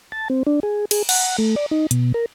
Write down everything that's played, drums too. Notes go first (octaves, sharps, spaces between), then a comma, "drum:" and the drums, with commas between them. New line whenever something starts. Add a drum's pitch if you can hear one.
A5
C4
D4
G#4
G#4, drum: cymbal
F#5, drum: cymbal
A3
D5
D#4
B2, drum: hi-hat
A#4